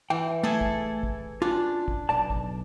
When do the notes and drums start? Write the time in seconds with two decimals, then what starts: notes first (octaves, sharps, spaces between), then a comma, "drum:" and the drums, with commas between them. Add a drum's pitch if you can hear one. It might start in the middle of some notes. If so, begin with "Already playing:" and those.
0.10 E3 G5
0.43 A3 E4 G#4 A4
0.61 drum: kick
1.03 drum: kick
1.42 C#4 D4 F4
1.88 drum: kick
2.09 B1 D5 A5
2.30 drum: kick